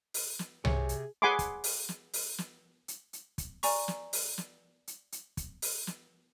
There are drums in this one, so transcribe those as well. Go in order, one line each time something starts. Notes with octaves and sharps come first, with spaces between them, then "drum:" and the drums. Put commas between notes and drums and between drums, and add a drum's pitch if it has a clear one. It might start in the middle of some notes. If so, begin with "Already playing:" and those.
drum: open hi-hat
drum: snare
C3 G#4 C#5 G#5, drum: tom C2
drum: hi-hat
G#4 F#5 G#5 B5 C6 D6
drum: kick, hi-hat
drum: open hi-hat
drum: snare
drum: open hi-hat
drum: snare
drum: hi-hat
drum: hi-hat
drum: kick, hi-hat
D5 G#5 A#5 C#6, drum: open hi-hat
drum: snare
drum: open hi-hat
drum: snare
drum: hi-hat
drum: hi-hat
drum: kick, hi-hat
drum: open hi-hat
drum: snare